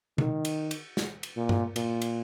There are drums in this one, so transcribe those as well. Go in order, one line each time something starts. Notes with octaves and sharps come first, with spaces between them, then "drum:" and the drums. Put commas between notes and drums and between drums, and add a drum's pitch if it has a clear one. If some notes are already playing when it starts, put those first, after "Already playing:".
D#3, drum: tom C3
drum: cymbal
drum: cymbal
drum: snare
drum: cymbal
A#2
drum: tom G2
A#2, drum: cymbal
drum: cymbal